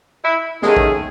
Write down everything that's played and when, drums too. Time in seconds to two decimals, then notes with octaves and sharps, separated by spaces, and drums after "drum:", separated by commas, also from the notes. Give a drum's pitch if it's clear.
0.23 E4
0.62 D#2 D#3 G#3 A3 C#4 G#4, drum: snare
0.77 drum: kick A1